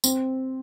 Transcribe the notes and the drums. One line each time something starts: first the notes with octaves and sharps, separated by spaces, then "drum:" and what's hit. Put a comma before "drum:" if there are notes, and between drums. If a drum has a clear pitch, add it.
C4, drum: tambourine